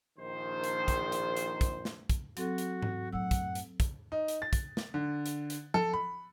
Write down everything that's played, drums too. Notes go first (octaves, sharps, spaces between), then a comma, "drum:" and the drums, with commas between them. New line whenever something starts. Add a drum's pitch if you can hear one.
A#1 D#3 C5
drum: hi-hat
drum: kick, hi-hat
drum: hi-hat
drum: hi-hat
drum: kick, hi-hat
drum: snare
drum: kick, hi-hat
F#3 C4 F#4 A4, drum: hi-hat
drum: hi-hat
drum: tom G#2
F#2 A2 F#5 E6
drum: kick, hi-hat
drum: hi-hat
drum: kick, hi-hat
D#4
drum: hi-hat
A6
drum: kick, hi-hat
drum: snare
D3
drum: hi-hat
drum: hi-hat
A4, drum: tom F3
B5